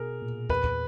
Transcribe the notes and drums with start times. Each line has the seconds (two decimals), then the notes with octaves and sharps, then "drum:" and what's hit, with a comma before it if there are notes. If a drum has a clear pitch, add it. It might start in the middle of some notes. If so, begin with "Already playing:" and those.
Already playing: B2 G#4 A#4
0.22 A#2
0.50 E2 B4, drum: kick
0.64 drum: kick